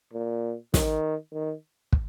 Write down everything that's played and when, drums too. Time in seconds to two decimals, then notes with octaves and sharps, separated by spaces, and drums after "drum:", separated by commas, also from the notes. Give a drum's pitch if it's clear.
0.13 A#2
0.74 D#3, drum: snare
1.33 D#3
1.92 drum: kick